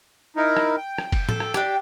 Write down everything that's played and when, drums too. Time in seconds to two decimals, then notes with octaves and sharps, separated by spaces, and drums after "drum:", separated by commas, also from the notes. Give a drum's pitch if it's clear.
0.36 D#4 E4 A#4
0.57 drum: rim click
0.77 G5
0.98 drum: rim click
1.12 drum: kick F1, cymbal
1.29 A4, drum: tom A2
1.40 drum: rim click
1.54 D4 G4, drum: rim click